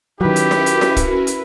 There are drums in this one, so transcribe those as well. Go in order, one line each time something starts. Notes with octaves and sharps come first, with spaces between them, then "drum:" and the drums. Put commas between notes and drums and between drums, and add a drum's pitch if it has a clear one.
D#3 F#3 C#4 E4 F#4 G4 A#4 B4
drum: hi-hat
drum: snare E4
drum: hi-hat
drum: snare E4
drum: kick, hi-hat
drum: hi-hat